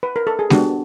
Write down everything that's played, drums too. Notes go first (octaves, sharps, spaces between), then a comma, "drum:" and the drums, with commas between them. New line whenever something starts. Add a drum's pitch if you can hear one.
B4
A#4
A4
G#4
B3 D4 F#4 G4, drum: snare G#3